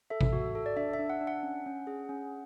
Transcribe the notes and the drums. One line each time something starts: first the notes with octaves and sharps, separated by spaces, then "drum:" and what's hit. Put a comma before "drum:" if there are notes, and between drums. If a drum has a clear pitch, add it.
A4 E5
drum: kick
F#4
A4
D5
D4 E5
E5
D4
F#5
D4
F#5
C#4
C#4
G#4
C#4